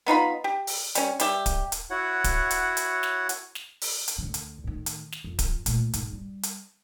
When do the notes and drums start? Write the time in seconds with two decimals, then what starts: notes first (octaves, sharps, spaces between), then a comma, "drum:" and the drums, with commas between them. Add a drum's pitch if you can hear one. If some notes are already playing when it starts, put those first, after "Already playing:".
0.06 B3 D#4 F4 B5
0.44 G4
0.67 drum: open hi-hat
0.95 G3 C#4, drum: hi-hat
1.20 G3 G4 E5, drum: hi-hat
1.46 drum: kick D1, hi-hat
1.72 drum: hi-hat
1.90 E4 F#4 C#5 F#5
2.24 drum: kick D1, hi-hat
2.50 drum: hi-hat
2.77 drum: hi-hat
3.03 drum: snare
3.29 drum: hi-hat
3.55 drum: snare
3.81 drum: open hi-hat
4.08 drum: hi-hat
4.18 D2 D3
4.34 drum: hi-hat
4.64 A2 D#3
4.86 drum: hi-hat
5.12 drum: snare
5.24 F2
5.39 drum: kick D1, hi-hat
5.66 A#2 A3, drum: hi-hat
5.93 G#2, drum: hi-hat
6.13 G3
6.43 drum: hi-hat